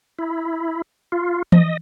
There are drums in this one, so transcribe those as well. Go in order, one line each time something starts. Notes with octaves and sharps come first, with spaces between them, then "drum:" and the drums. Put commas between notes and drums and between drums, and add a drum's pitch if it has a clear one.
E4
F4
D#5, drum: tom E3